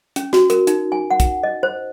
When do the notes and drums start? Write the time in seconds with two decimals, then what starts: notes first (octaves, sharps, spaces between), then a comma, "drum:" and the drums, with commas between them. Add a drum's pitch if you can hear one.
0.16 C#4, drum: hi-hat
0.33 F#4, drum: snare
0.50 A#4, drum: hi-hat
0.67 D#4, drum: hi-hat
0.92 G#5
1.10 F#5
1.20 drum: kick, hi-hat
1.43 D#5
1.63 C5